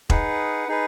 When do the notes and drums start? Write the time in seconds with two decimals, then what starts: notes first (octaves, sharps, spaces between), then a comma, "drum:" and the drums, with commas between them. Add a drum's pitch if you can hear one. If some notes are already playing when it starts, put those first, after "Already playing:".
0.10 D#4 G#4 B4 F#5, drum: kick E1
0.68 D#4 G#4 B4